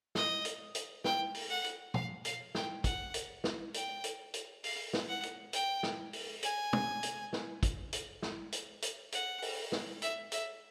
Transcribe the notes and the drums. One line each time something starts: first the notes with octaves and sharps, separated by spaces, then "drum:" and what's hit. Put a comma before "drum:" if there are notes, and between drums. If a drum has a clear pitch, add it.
D#5, drum: snare
drum: hi-hat
drum: hi-hat
G5, drum: snare
drum: open hi-hat
F#5
drum: hi-hat
F5, drum: tom B2
F5, drum: hi-hat
G5, drum: snare
F#5, drum: kick, hi-hat
drum: hi-hat
drum: snare
G5, drum: hi-hat
drum: hi-hat
drum: hi-hat
F5, drum: open hi-hat
drum: snare
F#5
drum: hi-hat
G5, drum: hi-hat
drum: snare
drum: open hi-hat
G#5, drum: hi-hat
drum: tom
drum: hi-hat
drum: snare
drum: kick, hi-hat
drum: hi-hat
drum: snare
drum: hi-hat
drum: hi-hat
F#5, drum: hi-hat
drum: open hi-hat
drum: snare
E5, drum: hi-hat
E5, drum: hi-hat